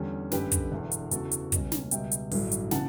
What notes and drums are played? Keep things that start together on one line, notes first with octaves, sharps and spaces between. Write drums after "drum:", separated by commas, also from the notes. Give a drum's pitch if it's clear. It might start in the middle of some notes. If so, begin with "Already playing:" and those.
Already playing: E2 D3 G3 C#4
G1 F#2 D3 G4 B4, drum: snare
drum: kick, hi-hat
E1 E2 D3
drum: hi-hat
E2 C#3 E3 F#4 A4, drum: hi-hat
drum: hi-hat
C#2 B2 G3 C#4, drum: kick, hi-hat
drum: snare
C#2 B2 G3 E5 G5, drum: hi-hat
drum: hi-hat
A1 G2 D3 F#3, drum: open hi-hat
drum: hi-hat
C#3 E3 F#5 A5, drum: snare